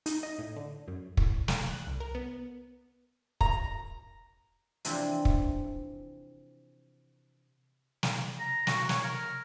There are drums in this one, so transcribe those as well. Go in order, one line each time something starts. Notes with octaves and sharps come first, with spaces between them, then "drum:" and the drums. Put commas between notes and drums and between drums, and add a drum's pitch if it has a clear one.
D#4, drum: hi-hat
D#5
A2
D3
F#2
A2, drum: kick
A3, drum: snare
F#6
C2
A#4
B3
A#5, drum: kick
C3 E3 F3 C4 D4, drum: hi-hat
drum: kick
drum: snare
A#5
F#4, drum: snare
C#5, drum: snare
A#4